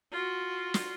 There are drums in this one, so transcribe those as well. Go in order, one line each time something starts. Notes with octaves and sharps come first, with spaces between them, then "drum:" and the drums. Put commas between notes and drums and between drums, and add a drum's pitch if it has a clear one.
F4 F#4
drum: snare